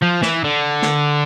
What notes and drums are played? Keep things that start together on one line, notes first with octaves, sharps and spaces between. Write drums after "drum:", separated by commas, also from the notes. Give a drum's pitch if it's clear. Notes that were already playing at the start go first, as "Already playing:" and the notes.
F3
E3, drum: snare
D3
drum: snare